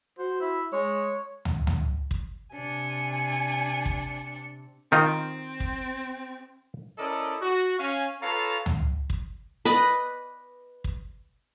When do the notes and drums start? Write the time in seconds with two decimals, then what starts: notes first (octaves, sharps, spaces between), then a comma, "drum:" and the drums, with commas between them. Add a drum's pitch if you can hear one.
0.19 F#4 C5
0.41 E4
0.73 G#3 C#5
1.45 drum: tom
1.67 drum: tom
2.11 drum: kick
2.54 C3 D4 G#5 C#7
3.85 drum: kick
4.92 D#3 C4 D#4 F4
5.60 drum: kick
6.99 C#4 E4 A4 A#4 D5 D#5
7.42 F#4
7.79 C#4 F5 G#5
8.22 F4 A4 B4 C#5 F5 A#5
8.66 drum: tom
9.10 drum: kick
9.65 B4 D5 D#5
10.84 drum: kick